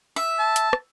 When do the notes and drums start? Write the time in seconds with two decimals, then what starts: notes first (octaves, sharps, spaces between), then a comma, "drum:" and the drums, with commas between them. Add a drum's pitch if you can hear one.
0.16 E5
0.39 A5
0.56 drum: hi-hat
0.73 drum: rim click